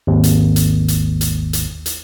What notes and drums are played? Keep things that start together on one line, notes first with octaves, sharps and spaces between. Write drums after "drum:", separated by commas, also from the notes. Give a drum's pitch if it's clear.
G#1 D#2
drum: hi-hat
drum: hi-hat
drum: hi-hat
drum: hi-hat
drum: hi-hat
drum: hi-hat